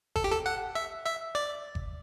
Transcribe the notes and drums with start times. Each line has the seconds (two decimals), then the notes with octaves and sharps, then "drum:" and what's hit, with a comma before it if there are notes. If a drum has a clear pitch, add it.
0.16 A4, drum: kick G1
0.24 G4
0.32 A4
0.46 F#5
0.75 E5
1.06 E5
1.35 D5
1.75 drum: kick G1